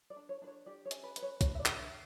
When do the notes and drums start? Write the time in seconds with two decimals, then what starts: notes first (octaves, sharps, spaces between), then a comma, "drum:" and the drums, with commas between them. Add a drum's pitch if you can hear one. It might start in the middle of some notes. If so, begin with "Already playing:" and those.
0.10 D5
0.16 D4
0.29 C#5
0.42 D4 B4
0.47 C#5
0.66 G4 D5
0.85 C#5
0.91 C#4, drum: hi-hat
1.03 B4
1.16 B4, drum: hi-hat
1.22 C#5
1.41 D4 C#5, drum: kick, hi-hat
1.55 E5
1.60 D5
1.66 D4, drum: clap
1.79 E5